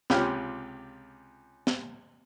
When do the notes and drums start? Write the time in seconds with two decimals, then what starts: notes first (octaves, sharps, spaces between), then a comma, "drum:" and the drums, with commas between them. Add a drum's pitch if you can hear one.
0.10 C#2 C3 C#4 F4 G4 F6, drum: snare
1.67 drum: snare